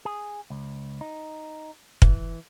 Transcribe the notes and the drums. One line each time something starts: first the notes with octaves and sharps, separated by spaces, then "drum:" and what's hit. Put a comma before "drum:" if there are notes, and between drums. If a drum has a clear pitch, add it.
G#4
C#2
D#4
E3, drum: kick